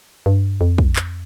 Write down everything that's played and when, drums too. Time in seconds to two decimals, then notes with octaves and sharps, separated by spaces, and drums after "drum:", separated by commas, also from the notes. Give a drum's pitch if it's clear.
0.26 G2
0.61 F2
0.78 drum: kick
0.96 drum: clap